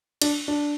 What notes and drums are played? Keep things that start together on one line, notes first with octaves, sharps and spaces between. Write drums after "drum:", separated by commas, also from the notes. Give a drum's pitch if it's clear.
D4, drum: cymbal
D4